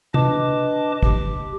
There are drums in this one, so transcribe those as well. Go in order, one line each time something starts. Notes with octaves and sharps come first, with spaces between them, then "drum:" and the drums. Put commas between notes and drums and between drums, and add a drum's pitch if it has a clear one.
D4 B4 D#5 A5 D6, drum: tom
G4, drum: kick